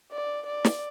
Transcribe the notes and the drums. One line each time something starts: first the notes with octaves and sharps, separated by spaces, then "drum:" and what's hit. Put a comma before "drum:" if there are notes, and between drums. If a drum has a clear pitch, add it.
D5
D5
drum: snare